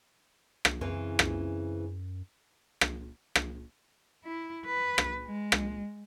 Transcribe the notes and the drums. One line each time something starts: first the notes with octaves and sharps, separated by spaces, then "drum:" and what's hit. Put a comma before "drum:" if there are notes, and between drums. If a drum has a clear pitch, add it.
drum: rim click
F#2 C#3 E3 C4
drum: rim click
drum: rim click
drum: rim click
E4
B4
drum: rim click
G#3
drum: rim click